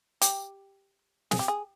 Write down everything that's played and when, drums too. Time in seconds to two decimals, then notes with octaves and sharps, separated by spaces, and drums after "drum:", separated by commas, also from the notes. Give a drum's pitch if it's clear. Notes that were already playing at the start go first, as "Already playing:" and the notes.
0.21 G4, drum: hi-hat
1.31 G#4, drum: snare
1.39 G4
1.48 G#4